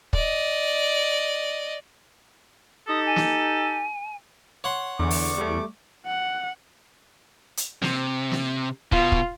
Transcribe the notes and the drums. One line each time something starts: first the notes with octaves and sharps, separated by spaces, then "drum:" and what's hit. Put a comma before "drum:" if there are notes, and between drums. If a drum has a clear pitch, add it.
D5 D#5, drum: kick
D#4 G4 A4 D#6
G#5
drum: snare
C#5 F#5 C6
E2 D3 D5 C#6 D6
drum: open hi-hat
G3 A3
F#5
drum: hi-hat
C3, drum: snare
drum: snare
B2 F4, drum: kick
drum: kick